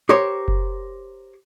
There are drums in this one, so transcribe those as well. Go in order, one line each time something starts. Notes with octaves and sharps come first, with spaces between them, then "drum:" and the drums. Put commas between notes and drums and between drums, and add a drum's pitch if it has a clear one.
G4 A#4 C5 C#5
drum: kick F#1